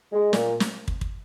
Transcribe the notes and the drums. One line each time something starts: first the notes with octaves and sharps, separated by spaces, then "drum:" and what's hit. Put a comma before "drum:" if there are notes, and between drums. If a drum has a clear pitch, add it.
G#3
A#2, drum: snare
drum: snare
drum: kick
drum: kick